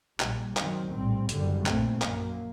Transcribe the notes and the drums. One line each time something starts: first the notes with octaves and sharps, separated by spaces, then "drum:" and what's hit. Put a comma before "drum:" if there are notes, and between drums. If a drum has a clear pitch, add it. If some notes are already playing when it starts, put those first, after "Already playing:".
A#1 A#2 G3, drum: clap
F#2 D#3 F#3 C4, drum: clap
A#1 A2 G3 C4
F#1 F#2 D3 G3, drum: hi-hat
A#1 A#2 A3 C4, drum: clap
F#2 F#3 A#3, drum: clap